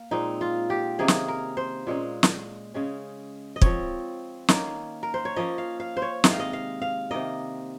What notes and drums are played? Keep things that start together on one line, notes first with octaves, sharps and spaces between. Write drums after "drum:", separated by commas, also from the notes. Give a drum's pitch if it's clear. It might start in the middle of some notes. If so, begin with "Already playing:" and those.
Already playing: A#3 F5
A#2 G#3 C4 D#4
F4
G4
C3 D#3 A#3 C#4 G#4
drum: snare
A#4
C5
A#2 G#3 C#4
drum: snare
C#3 G#3 C#4
D#5
F3 C4 C#5, drum: kick
D#3 A#3 C#4, drum: snare
A#4
C5
C#5
F3 A#3 C#4 D#5
F5
F5
C5
C#5
C3 D#3 G#3 D#5, drum: snare
F5
D#5
F5
F5
C3 D#3 A#3 D#5